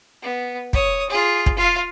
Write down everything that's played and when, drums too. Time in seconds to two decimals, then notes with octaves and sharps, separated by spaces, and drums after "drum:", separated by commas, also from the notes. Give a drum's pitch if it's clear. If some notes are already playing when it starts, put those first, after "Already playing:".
0.22 B3
0.73 C#5 D#6, drum: kick
1.10 F4 G#4
1.46 drum: kick
1.57 F4 F5